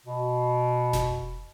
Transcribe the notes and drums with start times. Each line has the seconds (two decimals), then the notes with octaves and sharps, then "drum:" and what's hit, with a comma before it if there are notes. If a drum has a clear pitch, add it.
0.05 B2
0.93 drum: snare F1